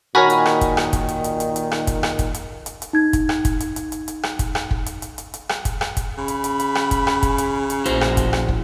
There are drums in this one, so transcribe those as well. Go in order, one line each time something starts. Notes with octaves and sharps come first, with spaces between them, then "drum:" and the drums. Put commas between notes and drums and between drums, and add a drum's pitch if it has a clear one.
A#2 D#3 F#4 A#4 C#5 G#5 B5
drum: hi-hat
drum: rim click
drum: kick, hi-hat
drum: rim click
drum: kick, hi-hat
drum: hi-hat
drum: hi-hat
drum: hi-hat
drum: hi-hat
drum: rim click
drum: kick, hi-hat
drum: rim click
drum: kick, hi-hat
drum: hi-hat
drum: hi-hat
drum: hi-hat
D#4 G#6
drum: kick, hi-hat
drum: rim click
drum: kick, hi-hat
drum: hi-hat
drum: hi-hat
drum: hi-hat
drum: hi-hat
drum: rim click
drum: kick, hi-hat
drum: rim click
drum: kick
drum: hi-hat
drum: hi-hat
drum: hi-hat
drum: hi-hat
drum: rim click
drum: kick, hi-hat
drum: rim click
drum: kick, hi-hat
C#3 B5
drum: hi-hat
drum: hi-hat
drum: hi-hat
drum: rim click
drum: kick, hi-hat
drum: rim click
drum: kick, hi-hat
drum: hi-hat
drum: hi-hat
A#1 E4 F#4 C5, drum: hi-hat
drum: rim click
drum: kick, hi-hat
drum: rim click
drum: kick